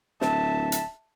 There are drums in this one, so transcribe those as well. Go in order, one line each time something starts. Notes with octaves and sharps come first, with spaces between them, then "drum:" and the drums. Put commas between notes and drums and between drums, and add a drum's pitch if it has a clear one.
D1 E5 A5, drum: snare
drum: hi-hat